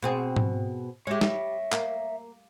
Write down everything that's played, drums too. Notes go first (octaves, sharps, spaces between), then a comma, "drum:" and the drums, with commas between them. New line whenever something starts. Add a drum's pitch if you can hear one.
B2 C4 G#4
drum: tom G#2
G#3 G4 C#5 E5
G3, drum: snare
A#3, drum: clap